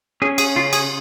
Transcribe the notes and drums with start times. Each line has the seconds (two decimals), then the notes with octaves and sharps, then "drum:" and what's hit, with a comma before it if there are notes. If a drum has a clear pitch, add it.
0.22 C#4 G#4
0.38 G#4, drum: cymbal
0.56 C#3 F4
0.73 G#4, drum: cymbal